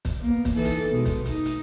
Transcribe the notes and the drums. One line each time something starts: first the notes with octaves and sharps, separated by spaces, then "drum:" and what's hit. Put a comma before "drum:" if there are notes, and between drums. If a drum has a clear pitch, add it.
drum: kick, hi-hat
A#3 B3
drum: kick, hi-hat
E3 D#4 A4
drum: hi-hat
B2 G#3
drum: kick, hi-hat
D#4, drum: hi-hat
drum: hi-hat